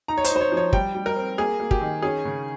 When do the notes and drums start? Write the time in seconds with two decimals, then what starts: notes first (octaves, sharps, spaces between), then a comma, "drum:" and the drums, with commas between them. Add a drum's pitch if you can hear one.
0.08 D#4 A#5
0.18 C#5
0.24 C5, drum: hi-hat
0.30 D#4
0.36 C5
0.41 C#5
0.52 F3
0.57 C#5
0.73 G3 G5, drum: kick
0.95 G3
1.06 A#4
1.16 C4
1.38 A#3 G#4
1.60 A#3
1.71 G4, drum: kick
1.81 D#3
2.02 C#4 G#4
2.25 C#3